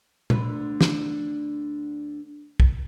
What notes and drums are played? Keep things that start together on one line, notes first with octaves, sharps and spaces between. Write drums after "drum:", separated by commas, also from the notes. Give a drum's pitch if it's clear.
D2 D3 B4, drum: tom A#2
drum: snare
drum: kick B1